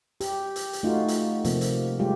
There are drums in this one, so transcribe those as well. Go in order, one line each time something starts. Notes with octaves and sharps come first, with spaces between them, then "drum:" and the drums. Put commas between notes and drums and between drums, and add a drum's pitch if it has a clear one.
G4, drum: hi-hat
drum: hi-hat
drum: hi-hat
A3 D#4 F4 F#4
drum: hi-hat
C3 F3 A#3, drum: hi-hat
drum: hi-hat
G3 G#3 F4 G4